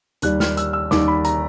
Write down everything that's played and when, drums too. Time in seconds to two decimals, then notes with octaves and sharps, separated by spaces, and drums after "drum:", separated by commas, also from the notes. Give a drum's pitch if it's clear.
0.22 D#2 D#3 G3 F#6, drum: hi-hat
0.40 F6, drum: snare
0.57 E6, drum: hi-hat
0.73 E6
0.91 D#2 D#3 G3 D6, drum: snare
1.08 B5
1.25 A#5, drum: hi-hat